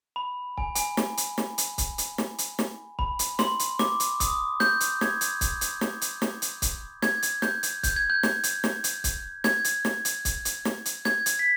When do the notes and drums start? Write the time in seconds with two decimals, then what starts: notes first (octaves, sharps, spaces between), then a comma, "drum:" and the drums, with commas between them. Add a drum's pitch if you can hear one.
0.16 B5
0.58 G#5, drum: kick C#1
0.75 G#5, drum: hi-hat
0.97 drum: snare
1.17 drum: hi-hat
1.38 drum: snare
1.58 drum: hi-hat
1.78 drum: kick C#1, hi-hat
1.98 drum: hi-hat
2.18 drum: snare
2.38 drum: hi-hat
2.59 drum: snare
2.99 B5, drum: kick C#1
3.19 drum: hi-hat
3.39 C6, drum: snare
3.59 drum: hi-hat
3.79 D6, drum: snare
4.00 drum: hi-hat
4.20 D#6, drum: kick C#1, hi-hat
4.60 G6, drum: snare
4.80 drum: hi-hat
5.01 G#6, drum: snare
5.21 drum: hi-hat
5.41 drum: kick C#1, hi-hat
5.61 drum: hi-hat
5.81 drum: snare
6.01 drum: hi-hat
6.22 drum: snare
6.42 drum: hi-hat
6.62 drum: kick C#1, hi-hat
7.02 G#6, drum: snare
7.22 drum: hi-hat
7.42 G6, drum: snare
7.63 drum: hi-hat
7.83 G6, drum: kick C#1, hi-hat
7.96 G#6
8.10 G6
8.23 drum: snare
8.43 drum: hi-hat
8.64 drum: snare
8.84 drum: hi-hat
9.04 drum: kick C#1, hi-hat
9.44 G#6, drum: snare
9.64 drum: hi-hat
9.85 drum: snare
10.05 drum: hi-hat
10.25 drum: kick C#1, hi-hat
10.45 drum: hi-hat
10.65 drum: snare
10.85 drum: hi-hat
11.05 G#6, drum: snare
11.26 drum: hi-hat
11.39 B6